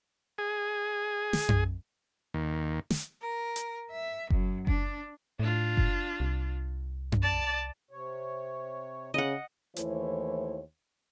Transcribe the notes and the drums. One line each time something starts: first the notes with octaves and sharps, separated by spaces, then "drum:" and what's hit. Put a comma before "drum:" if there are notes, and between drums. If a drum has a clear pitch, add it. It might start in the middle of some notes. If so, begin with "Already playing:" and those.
G#4
drum: snare
drum: tom F#2
D#2
drum: snare
A#4
drum: hi-hat
E5
F#2, drum: kick F#1
D4, drum: kick F#1
A2 D4 F4
drum: kick F#1
C2
drum: tom F#2
D5 A5
C3 C#5
C#3 D#5 F#5
D#2 E3 A3 E4 C5 C#5, drum: hi-hat